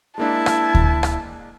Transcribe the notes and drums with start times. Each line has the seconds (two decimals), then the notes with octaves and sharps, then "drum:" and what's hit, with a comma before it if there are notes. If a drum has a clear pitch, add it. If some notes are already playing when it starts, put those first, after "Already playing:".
0.18 G#3 A#3 D4 E4 A5
0.46 drum: rim click
0.75 drum: kick D2
1.03 drum: rim click